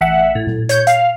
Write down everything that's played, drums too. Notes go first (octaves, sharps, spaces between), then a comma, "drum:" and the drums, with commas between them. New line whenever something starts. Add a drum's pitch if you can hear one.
A1 E5 F#5
A2
drum: tom A#2
C#5 G6, drum: hi-hat
F5, drum: hi-hat